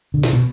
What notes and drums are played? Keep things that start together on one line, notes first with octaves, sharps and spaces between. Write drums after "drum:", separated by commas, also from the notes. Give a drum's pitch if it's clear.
D3
C3, drum: snare
B2